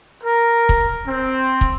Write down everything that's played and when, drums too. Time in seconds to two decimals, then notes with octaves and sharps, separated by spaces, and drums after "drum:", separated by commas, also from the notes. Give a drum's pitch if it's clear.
0.23 A#4
0.69 drum: kick
1.07 C4
1.61 drum: kick